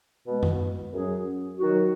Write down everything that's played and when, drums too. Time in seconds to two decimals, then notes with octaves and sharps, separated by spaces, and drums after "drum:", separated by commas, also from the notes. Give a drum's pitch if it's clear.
0.25 B2 G#3 B3
0.43 drum: tom F#2
0.92 F#2 F#3 C#4 G#4
1.58 D#3 F#3 D#4 F#4